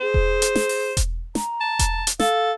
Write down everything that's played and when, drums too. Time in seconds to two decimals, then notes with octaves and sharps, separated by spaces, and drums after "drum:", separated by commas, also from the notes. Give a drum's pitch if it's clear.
0.01 G#4 C5
0.14 drum: kick E1
0.42 drum: hi-hat
0.56 drum: snare
0.69 drum: open hi-hat
0.97 drum: kick E1, hi-hat
1.35 A#5, drum: snare
1.61 A5
1.79 drum: kick E1, hi-hat
2.07 drum: hi-hat
2.20 A4 F5, drum: snare